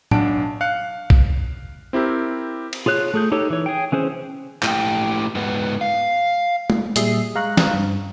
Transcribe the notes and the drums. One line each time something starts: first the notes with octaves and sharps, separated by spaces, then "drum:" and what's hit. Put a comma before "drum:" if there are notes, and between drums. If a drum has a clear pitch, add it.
B1 D4 F#5 A5 D7, drum: tom A2
F5 F#6 C#7
drum: kick B1
C4 E4 G4 A#4
drum: cymbal
F4 G#4 C#5 F#6
A3 G#4 G6
D#4 G4 A4 C#5
E3 C#5
G#4 G5
E3 C#4 G#4 C5
A2 G4, drum: clap
G#2 B3
F5
drum: tom
A#2 G3 G#4 E5 D#6 C7, drum: hi-hat
G#3 F5 A#5 C#6 F#6
drum: snare
G2